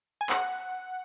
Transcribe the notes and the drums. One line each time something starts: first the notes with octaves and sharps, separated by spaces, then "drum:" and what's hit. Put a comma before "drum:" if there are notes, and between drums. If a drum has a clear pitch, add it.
G#5
F#5, drum: clap